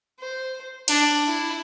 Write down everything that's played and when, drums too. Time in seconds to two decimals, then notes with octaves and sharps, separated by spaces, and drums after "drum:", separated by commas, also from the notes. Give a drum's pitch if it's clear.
0.19 C5
0.88 D4, drum: cymbal
1.27 E4